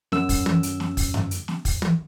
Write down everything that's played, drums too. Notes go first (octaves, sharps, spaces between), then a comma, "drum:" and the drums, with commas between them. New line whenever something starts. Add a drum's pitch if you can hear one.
F#2 E6, drum: snare
drum: kick, open hi-hat
drum: tom
drum: hi-hat
drum: snare
drum: kick, open hi-hat
drum: tom F#2
drum: hi-hat
drum: snare
drum: kick, open hi-hat
drum: tom